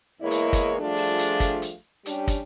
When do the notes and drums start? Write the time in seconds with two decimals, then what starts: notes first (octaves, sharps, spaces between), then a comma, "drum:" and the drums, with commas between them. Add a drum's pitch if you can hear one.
0.22 E2 G#3 A#3 E4 C#5 D#5
0.31 drum: hi-hat
0.53 drum: kick, hi-hat
0.80 F3 G3 A3 D4 F4 G#4
0.96 drum: open hi-hat
1.18 drum: hi-hat
1.40 drum: kick, hi-hat
1.62 drum: hi-hat
2.06 G3 C#4 D4 G4, drum: hi-hat
2.27 drum: kick, hi-hat